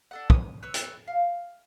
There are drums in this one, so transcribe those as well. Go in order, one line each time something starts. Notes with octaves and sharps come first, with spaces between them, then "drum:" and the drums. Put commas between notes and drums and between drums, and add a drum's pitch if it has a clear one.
D4 A4 F#5
D#6, drum: kick
B4 C#5 E6
drum: hi-hat
F5